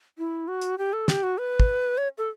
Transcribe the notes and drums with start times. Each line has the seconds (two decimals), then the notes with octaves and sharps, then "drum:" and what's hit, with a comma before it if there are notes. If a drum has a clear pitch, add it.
0.18 E4
0.48 F#4
0.61 drum: hi-hat
0.78 G4
0.93 A4
1.08 G4, drum: snare
1.23 F#4
1.38 B4
1.60 drum: kick
1.98 C#5
2.18 A4